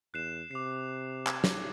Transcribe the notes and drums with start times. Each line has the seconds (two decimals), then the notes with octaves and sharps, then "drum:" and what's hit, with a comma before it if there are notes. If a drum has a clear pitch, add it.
0.14 E2 F#6 C7 E7
0.51 C3 D6 C7
1.27 G#6, drum: clap
1.44 drum: snare